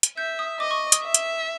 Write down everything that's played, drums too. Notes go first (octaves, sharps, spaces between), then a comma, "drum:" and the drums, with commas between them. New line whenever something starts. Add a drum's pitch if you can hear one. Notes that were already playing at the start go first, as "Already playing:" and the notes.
drum: hi-hat
E5 G6
D#6
D#5 D6
C#6
D#6, drum: hi-hat
E5
drum: hi-hat